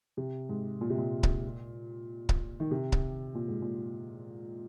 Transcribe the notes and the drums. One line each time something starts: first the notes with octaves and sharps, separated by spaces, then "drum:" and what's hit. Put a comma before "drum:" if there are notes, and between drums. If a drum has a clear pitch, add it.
C3
G#2
A#2
C3
A#2
drum: kick C#1
drum: kick C#1
D#3
C3
drum: kick C#1
A#2
G#2
A#2